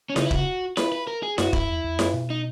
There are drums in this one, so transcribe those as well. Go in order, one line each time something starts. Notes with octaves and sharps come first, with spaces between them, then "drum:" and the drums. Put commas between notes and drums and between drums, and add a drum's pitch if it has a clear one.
C#4
C#3 D#4, drum: snare E4
E4
C#3 F#4, drum: kick
B4, drum: snare E4
B4
A#4
G#4
F#2 F#4, drum: snare E4
F#2 E4, drum: kick
E2
E2
F#2, drum: snare E4
B2
D#4